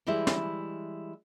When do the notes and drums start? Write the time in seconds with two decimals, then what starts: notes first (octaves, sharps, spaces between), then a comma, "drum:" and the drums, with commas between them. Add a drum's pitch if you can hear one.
0.07 E3 G3 G#3 E4 E5
0.27 drum: snare